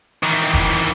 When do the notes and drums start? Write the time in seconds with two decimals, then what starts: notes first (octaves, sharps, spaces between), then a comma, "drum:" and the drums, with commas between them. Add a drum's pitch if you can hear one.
0.23 D#3 E3
0.54 drum: kick E1